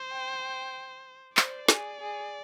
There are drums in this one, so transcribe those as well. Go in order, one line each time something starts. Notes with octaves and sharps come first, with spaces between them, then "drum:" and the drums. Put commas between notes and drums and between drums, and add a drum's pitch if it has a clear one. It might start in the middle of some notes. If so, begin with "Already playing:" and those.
Already playing: C5
G5
G5
C5 D5, drum: clap
G#4, drum: snare
G#4